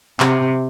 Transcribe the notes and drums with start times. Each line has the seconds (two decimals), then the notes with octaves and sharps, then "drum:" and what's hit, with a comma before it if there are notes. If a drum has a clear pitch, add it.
0.20 C3, drum: clap